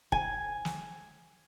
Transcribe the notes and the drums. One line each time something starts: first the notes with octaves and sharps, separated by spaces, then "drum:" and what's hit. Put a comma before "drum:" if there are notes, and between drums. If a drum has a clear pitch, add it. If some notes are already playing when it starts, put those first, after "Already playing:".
G#5, drum: kick
drum: snare